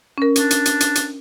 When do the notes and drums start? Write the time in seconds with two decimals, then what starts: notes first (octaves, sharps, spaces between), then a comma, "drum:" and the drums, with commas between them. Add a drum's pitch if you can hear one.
0.18 C#4 A#4
0.36 D4, drum: hi-hat
0.51 drum: hi-hat
0.65 drum: hi-hat
0.80 drum: hi-hat
0.95 drum: hi-hat